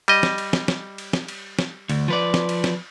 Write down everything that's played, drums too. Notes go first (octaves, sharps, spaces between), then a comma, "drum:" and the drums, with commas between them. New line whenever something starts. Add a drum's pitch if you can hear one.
G3 D#5, drum: cymbal
drum: snare
drum: cymbal
drum: snare
drum: snare
drum: cymbal
drum: snare
drum: cymbal
drum: snare
D2, drum: cymbal
F3 B4 D5
drum: snare
drum: cymbal
drum: snare